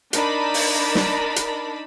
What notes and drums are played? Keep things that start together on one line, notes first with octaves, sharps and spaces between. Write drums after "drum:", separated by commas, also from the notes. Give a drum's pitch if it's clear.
D4 D#4 A#4 A5 B5, drum: hi-hat
drum: open hi-hat
drum: snare
drum: hi-hat